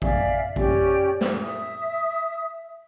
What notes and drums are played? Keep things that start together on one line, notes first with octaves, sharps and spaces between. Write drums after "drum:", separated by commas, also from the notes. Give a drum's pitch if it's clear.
D5 E5 F5 G#5, drum: kick A1
C#4 G4 D5, drum: kick A1
drum: snare
E5 D#6